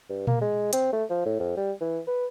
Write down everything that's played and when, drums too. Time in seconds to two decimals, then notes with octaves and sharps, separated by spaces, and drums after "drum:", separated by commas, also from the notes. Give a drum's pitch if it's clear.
0.10 G2
0.27 A#3, drum: tom A#2
0.41 G#3
0.73 C4, drum: hi-hat
0.93 A3
1.10 F3
1.26 A2
1.40 F2
1.57 G3
1.81 E3
2.07 B4